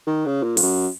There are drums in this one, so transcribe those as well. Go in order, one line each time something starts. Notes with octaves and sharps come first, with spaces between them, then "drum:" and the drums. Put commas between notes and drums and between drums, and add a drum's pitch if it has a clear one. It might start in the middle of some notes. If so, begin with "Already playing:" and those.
D#3
C#3
A#2
F2, drum: open hi-hat
F#2